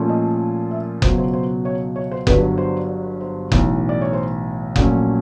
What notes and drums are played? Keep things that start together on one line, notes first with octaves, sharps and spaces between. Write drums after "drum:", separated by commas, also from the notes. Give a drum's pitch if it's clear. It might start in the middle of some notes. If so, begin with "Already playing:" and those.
Already playing: A#2 F3 A3 C#4 F4
D#5
E5
C#2 B2 F#3 C5, drum: kick F#1
C5
C5
C#5
C#5
C5
G1 G2 D3 F#3 B4, drum: kick F#1
C5
C5
B1 A2 E3, drum: kick F#1
D5
C#5
C5
A#1 A#2 F#3 A3 C#4, drum: kick F#1